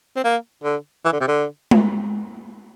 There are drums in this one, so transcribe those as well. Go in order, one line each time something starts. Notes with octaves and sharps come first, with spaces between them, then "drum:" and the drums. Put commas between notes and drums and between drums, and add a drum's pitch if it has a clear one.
C4
A#3
D3
E3
D3
C3
D3
drum: tom G#3